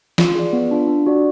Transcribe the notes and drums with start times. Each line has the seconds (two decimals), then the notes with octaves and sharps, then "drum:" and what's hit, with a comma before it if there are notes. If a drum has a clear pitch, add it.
0.18 F4, drum: snare
0.35 G#4 D5
0.53 B3
0.71 D4 F4
0.88 D4
1.06 F#4 D5